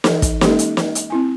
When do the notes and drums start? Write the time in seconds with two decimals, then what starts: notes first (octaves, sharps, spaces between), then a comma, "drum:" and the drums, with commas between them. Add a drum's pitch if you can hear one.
0.04 E3 D#4 A4, drum: snare
0.22 drum: kick, hi-hat
0.41 G#3 A#3 C#4 D#4 G4 A4, drum: snare
0.59 drum: hi-hat
0.77 drum: snare
0.95 drum: hi-hat
1.10 C4 E4 G#5